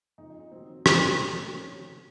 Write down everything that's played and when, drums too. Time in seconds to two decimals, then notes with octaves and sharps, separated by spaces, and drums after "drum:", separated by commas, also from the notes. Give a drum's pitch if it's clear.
0.18 F2 C#3 F3 D#4
0.30 D#4
0.40 D#4
0.51 F1 D#2 D#3 F#3 C4
0.86 C2 A#2 F#3, drum: rim click
1.14 C4
1.19 A#1 A#2 F#3 A#3
1.28 A3
1.37 A#3
1.45 C4
1.53 F1 D#2 D#3 F#3 C#4
1.88 C#3 F#3